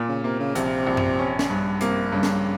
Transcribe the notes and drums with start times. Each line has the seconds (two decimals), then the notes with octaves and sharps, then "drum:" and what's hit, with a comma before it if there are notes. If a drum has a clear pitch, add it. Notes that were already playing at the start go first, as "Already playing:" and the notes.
Already playing: A#2
0.09 C#3
0.24 C3 A#3
0.40 C#3
0.55 A#1 C3, drum: hi-hat
0.87 A#1
0.97 drum: tom F#2
1.19 C#4
1.39 drum: snare
1.50 G2
1.80 C3 A#3, drum: hi-hat
2.12 G2 C#3
2.23 drum: snare